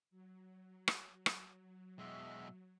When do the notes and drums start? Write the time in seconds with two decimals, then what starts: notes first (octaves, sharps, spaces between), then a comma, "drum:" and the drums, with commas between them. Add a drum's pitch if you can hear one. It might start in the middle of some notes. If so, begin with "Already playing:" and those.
0.11 F#3
0.88 drum: rim click
1.26 drum: rim click
1.99 B2 G#3 E5